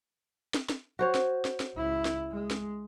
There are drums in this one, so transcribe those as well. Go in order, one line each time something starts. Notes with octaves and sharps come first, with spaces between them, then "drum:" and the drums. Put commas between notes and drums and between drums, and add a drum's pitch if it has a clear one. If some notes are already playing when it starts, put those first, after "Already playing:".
drum: snare
drum: snare
F#4 C5 C#5
drum: snare
drum: snare
drum: snare
C#2 E4
drum: snare
G#3
drum: snare